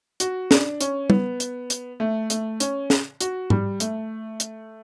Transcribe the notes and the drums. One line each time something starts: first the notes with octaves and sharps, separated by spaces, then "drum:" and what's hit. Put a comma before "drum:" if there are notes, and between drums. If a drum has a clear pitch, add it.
F#4, drum: hi-hat
D4, drum: snare
C#4, drum: hi-hat
B3, drum: tom G3
drum: hi-hat
drum: hi-hat
A3
A3, drum: hi-hat
C#4, drum: hi-hat
drum: snare
F#4, drum: hi-hat
G3, drum: tom G#2
A3, drum: hi-hat
drum: hi-hat